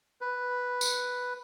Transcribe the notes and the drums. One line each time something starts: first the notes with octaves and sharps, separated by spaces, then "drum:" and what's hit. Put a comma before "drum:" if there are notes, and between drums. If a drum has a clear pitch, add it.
B4
drum: tambourine